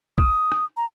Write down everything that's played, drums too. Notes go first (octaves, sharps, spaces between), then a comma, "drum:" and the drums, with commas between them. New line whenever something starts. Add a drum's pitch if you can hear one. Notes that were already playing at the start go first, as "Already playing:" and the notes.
D#6, drum: kick
drum: rim click
A#5